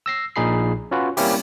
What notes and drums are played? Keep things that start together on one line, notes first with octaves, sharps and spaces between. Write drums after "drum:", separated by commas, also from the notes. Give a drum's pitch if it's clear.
E6 A#6 C7
A#1 A#2 D#4 G#4 B5 C7
C#4 F4 F#4 B4
G3 A#3 C4 C#4 E4 G4, drum: open hi-hat